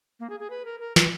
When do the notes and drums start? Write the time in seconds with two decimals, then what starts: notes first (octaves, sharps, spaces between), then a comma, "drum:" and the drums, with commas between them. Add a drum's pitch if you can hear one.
0.20 A#3
0.30 G#4
0.40 G#4
0.50 B4
0.65 A#4
0.80 A#4
0.96 B4, drum: snare